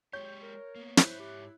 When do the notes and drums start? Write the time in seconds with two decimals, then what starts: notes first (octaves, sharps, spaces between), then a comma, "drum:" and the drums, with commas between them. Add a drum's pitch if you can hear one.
0.13 G#3 G4 C#5 G6
0.42 A#4
0.75 A#3 B3
0.97 G#2 E4 C5 E5 F#6, drum: snare
1.20 G4